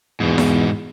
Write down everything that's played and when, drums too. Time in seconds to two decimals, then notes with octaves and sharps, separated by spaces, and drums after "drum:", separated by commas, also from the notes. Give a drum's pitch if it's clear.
0.20 E2 G#2 B2
0.38 drum: snare E4